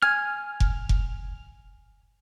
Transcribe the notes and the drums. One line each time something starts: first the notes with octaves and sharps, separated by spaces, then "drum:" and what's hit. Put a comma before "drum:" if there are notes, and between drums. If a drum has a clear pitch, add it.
G#5 F6
drum: kick F1
drum: kick F1